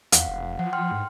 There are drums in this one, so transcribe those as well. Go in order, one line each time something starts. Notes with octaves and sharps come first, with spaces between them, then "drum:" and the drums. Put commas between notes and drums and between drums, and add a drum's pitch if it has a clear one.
E2 F5 F#5, drum: hi-hat
F1
F3 F#5
G5 C6 F6
G#2